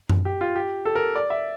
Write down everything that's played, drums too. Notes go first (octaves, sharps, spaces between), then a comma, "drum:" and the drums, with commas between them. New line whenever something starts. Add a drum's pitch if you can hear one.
drum: tom F#2
G4
F4
G4
A4
A#4
D5
E5